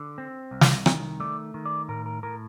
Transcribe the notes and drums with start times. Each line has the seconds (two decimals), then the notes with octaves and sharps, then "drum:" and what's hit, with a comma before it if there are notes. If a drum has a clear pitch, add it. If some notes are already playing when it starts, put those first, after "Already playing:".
Already playing: D3
0.18 C4
0.51 C2
0.61 drum: snare
0.86 D#3, drum: rim click
1.20 A3 D5
1.54 D#3
1.65 D5
1.88 A2 A#4
2.06 A#4
2.23 A2 A#4